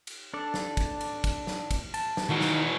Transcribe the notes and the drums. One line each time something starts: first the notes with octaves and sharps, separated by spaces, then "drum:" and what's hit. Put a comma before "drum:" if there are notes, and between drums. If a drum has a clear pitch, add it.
drum: cymbal
D4 A4 D5
drum: snare
drum: kick, cymbal
drum: cymbal
drum: kick, cymbal
drum: snare
drum: kick, cymbal
A5, drum: cymbal
drum: snare
D#3 E3 D#4 F#4 A#4
drum: snare